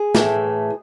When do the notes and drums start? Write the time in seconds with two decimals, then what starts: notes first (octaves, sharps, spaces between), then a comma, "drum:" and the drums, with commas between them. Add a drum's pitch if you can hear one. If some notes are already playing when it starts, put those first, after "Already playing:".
Already playing: G#4
0.15 A2 E3 A3, drum: snare